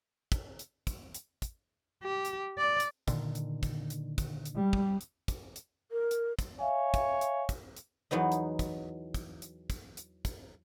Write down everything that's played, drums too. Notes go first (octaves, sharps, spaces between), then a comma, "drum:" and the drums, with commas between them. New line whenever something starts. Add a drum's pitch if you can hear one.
drum: kick, hi-hat
drum: hi-hat
drum: kick, hi-hat
drum: hi-hat
drum: kick, hi-hat
G4
drum: hi-hat
D5
drum: hi-hat
A#2 D3 D#3, drum: kick, hi-hat
drum: hi-hat
drum: kick, hi-hat
drum: hi-hat
drum: kick, hi-hat
drum: hi-hat
G3
drum: kick
drum: hi-hat
drum: kick, hi-hat
drum: hi-hat
A#4
drum: hi-hat
drum: kick, hi-hat
C#5 E5 F5 G#5
drum: kick, hi-hat
drum: hi-hat
drum: kick, hi-hat
drum: hi-hat
E2 F#3 B3 D#4
drum: hi-hat
drum: kick, hi-hat
drum: kick, hi-hat
drum: hi-hat
drum: kick, hi-hat
drum: hi-hat
drum: kick, hi-hat